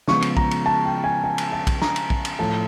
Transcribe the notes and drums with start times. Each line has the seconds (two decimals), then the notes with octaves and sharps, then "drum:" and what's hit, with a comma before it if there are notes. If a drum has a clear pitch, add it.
0.08 C#3 F3 G#3 B3 C#6, drum: snare
0.22 drum: cymbal
0.37 A#5, drum: kick A#1
0.51 drum: cymbal
0.66 A5
0.85 G5
1.04 G#5
1.24 G#5
1.38 drum: cymbal
1.52 A5
1.67 drum: kick A#1, cymbal
1.82 A#5, drum: snare
1.96 drum: cymbal
2.10 drum: kick A#1
2.25 drum: cymbal
2.39 A2 F3 A3 A5